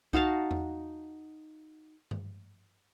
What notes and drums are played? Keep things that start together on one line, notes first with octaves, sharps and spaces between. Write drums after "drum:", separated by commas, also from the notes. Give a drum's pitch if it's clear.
D#4 F#4 F5 A5, drum: kick C2
drum: tom E2
drum: tom G2